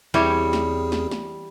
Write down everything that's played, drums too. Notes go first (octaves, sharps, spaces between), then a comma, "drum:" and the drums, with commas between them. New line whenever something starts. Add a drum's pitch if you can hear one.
E2 E3 G3 C4 G4 G#4 C#5
drum: snare
drum: snare
drum: snare